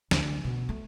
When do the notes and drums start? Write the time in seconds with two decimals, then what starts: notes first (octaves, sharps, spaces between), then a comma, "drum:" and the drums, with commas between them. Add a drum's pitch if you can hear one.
0.11 D2, drum: snare
0.44 B2
0.69 A3